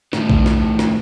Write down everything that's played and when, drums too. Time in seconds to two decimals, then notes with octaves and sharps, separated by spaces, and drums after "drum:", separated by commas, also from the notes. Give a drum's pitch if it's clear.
0.13 A2 D#3, drum: snare
0.30 drum: kick
0.46 drum: snare
0.79 drum: snare